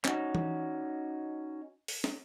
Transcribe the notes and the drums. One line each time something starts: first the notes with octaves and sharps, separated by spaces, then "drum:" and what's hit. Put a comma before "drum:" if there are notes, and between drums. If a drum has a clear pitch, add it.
C#4 D#4 F#4, drum: clap
drum: tom E3
drum: open hi-hat
drum: snare